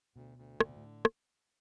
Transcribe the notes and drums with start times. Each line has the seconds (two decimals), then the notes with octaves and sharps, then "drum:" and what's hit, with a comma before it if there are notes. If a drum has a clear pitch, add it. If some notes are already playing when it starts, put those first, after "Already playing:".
0.16 D2 B2
0.38 D2
0.60 A2 D3, drum: rim click
0.69 B2
0.76 A2
1.05 drum: rim click